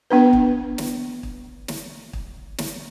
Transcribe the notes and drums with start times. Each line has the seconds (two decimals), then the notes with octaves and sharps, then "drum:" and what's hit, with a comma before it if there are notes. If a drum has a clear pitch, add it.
0.10 B3 D4 B4
0.33 drum: kick
0.78 drum: snare
1.23 drum: kick
1.68 drum: snare
2.13 drum: kick
2.58 drum: snare